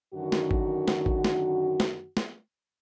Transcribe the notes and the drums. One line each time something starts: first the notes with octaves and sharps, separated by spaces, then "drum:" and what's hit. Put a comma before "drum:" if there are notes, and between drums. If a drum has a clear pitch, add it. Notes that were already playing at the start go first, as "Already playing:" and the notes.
F#2 D3 D#3 F#4
drum: snare
drum: kick
drum: snare
drum: kick
drum: snare
drum: snare
drum: snare